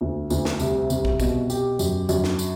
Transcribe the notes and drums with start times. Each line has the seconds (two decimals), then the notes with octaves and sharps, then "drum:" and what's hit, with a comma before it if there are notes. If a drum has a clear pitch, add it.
0.01 D2
0.30 D2, drum: tambourine
0.45 drum: snare
0.60 C2, drum: tambourine
0.90 C2, drum: tambourine
1.05 drum: kick
1.20 B2, drum: kick, tambourine
1.50 G4, drum: tambourine
1.79 F#2, drum: tambourine
2.09 F#2, drum: tambourine
2.24 drum: snare
2.39 drum: tambourine